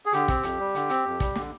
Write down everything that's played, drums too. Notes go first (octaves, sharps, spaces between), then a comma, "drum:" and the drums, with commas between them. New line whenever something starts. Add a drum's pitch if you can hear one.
G#4
D3 G4, drum: hi-hat
C4, drum: kick, hi-hat
F2, drum: hi-hat
G3
D3, drum: hi-hat
C4, drum: hi-hat
F2
G3, drum: kick, hi-hat
D3, drum: snare